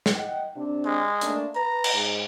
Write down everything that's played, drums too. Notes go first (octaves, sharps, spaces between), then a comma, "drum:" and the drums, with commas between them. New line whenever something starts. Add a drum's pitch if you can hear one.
drum: snare
D#5 F#5 G5
C3 D4
G#3
A3 A#3 D4, drum: hi-hat
B4 A#5
drum: cymbal
G#2